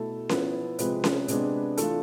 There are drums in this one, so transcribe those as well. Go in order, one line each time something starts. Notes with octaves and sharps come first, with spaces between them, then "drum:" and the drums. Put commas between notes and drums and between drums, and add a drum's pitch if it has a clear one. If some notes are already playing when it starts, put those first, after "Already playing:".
Already playing: B2 A3 E4 A4
F3 B3 E4, drum: snare C#4
C3 F3 G#3 B4, drum: hi-hat
drum: snare C#4
C3 G#3 B3 D4, drum: hi-hat
E3 A3 D4 F4 A4, drum: hi-hat